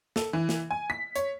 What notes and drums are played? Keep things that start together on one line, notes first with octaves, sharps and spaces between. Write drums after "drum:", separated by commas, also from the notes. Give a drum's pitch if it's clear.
A4, drum: snare
E3
drum: snare
G#5
B6
C#5, drum: hi-hat